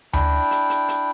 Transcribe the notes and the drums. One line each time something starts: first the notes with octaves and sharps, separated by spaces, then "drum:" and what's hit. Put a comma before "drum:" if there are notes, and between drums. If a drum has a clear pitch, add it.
D4 E4 G5, drum: tom D2
drum: hi-hat
drum: hi-hat
drum: hi-hat